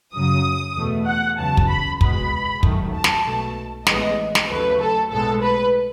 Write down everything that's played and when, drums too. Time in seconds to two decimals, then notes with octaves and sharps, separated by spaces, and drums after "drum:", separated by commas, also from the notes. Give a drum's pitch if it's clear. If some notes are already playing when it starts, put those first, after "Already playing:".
0.14 F#2 C#3 F#3 D#6
0.76 E2 B2 A3
1.07 F#5
1.38 E2 C#3 F#3 A5
1.57 drum: kick
1.69 B5
2.01 C#2 B2 G#3 B3 B5, drum: kick
2.63 A1 G#2 D#3 F#3 A3, drum: kick
2.94 A5
3.04 drum: snare
3.26 B1 B2 A3
3.87 A1 A2 E3 G#3 B3 D#5, drum: snare
4.35 drum: snare
4.49 D#2 C#3 F#3 A3 B4
4.80 A4
5.11 B1 A2 G#3 B3 A4
5.42 B4